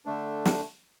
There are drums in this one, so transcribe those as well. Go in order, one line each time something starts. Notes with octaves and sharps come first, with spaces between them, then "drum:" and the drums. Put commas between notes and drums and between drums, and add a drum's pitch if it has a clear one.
D3 A3 D4
drum: snare